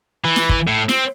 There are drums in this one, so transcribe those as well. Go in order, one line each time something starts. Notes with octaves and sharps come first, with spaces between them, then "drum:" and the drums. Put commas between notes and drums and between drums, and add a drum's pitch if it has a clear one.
E3
drum: snare
drum: kick
A2
C4, drum: snare